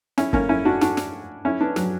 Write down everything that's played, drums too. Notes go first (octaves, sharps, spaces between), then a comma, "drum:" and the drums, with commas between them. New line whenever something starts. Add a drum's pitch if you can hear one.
C#4 E4, drum: snare
A#3 C#4, drum: kick F#1
C#4 E4
D4 F#4
D4 F#4, drum: snare
drum: snare
C#4 E4
B3 D4
F#3, drum: snare